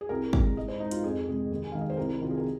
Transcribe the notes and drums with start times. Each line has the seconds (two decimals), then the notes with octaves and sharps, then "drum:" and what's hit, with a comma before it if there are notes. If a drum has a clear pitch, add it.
0.01 G#4
0.09 C2 A#4
0.33 A#2 G#3, drum: kick
0.57 G#2 D#5
0.68 C5
0.80 G#3 D#4
0.91 F4, drum: hi-hat
1.03 F2 G#4
1.28 C3 G#3
1.51 D#2
1.64 G#5
1.72 D#3 G#3 F5
1.81 D#5
1.90 C5
1.97 C2 A#4
2.21 C3 D#3 F4
2.31 G#4
2.38 A#4